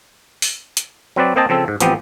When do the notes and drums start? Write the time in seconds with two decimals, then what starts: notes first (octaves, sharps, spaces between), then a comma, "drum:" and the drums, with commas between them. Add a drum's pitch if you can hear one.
0.42 drum: open hi-hat
0.77 drum: hi-hat
1.16 F#3 C4 B4 D5
1.36 A#3 C4 C5 D#5 G#5 A5
1.49 C#3 F3 C4 A4
1.68 G#2
1.80 A1 F3 B3 C4 G4, drum: hi-hat